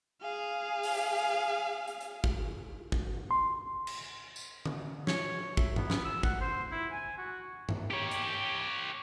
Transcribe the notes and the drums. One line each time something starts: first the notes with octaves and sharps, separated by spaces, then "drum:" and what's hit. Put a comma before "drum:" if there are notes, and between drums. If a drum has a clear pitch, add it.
G#4 F5
drum: open hi-hat
drum: hi-hat
drum: hi-hat
drum: kick
drum: kick
C6
drum: cymbal
drum: tambourine
drum: tom D3
C#5, drum: snare
E5, drum: kick
B3, drum: tom G2
drum: snare
E6
F#5, drum: kick
C5
E4
G#5
F#4
drum: tom G2
G4 C#5
drum: hi-hat